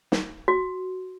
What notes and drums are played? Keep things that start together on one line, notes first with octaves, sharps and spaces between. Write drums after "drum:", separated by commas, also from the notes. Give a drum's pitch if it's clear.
drum: snare
F#4